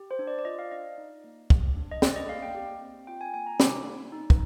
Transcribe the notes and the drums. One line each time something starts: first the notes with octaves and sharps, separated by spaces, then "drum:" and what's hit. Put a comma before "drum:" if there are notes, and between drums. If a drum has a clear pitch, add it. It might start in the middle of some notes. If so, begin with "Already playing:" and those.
Already playing: G4
C5
D4
D5
D5
F4 D#5
F5
D4 D#5
D#4
A#3
G4, drum: kick
D4
D#5
D4 D5, drum: snare
D#5
A#3 F5
G5
G4
C4
F4 G5
G#5
A#3 G#5
A#5
D#4 D6, drum: snare
A#3
D#4
drum: kick